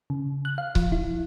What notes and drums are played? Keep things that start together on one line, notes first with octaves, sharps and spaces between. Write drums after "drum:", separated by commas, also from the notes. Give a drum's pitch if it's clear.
C#3
F#6
F5
F3, drum: kick C#1
E4